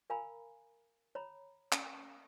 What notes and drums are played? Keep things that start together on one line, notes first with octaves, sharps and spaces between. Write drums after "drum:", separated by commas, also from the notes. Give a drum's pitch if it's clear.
A#4 F5 G#5 A#5 B5
C#5 A#5 B5
C#4, drum: clap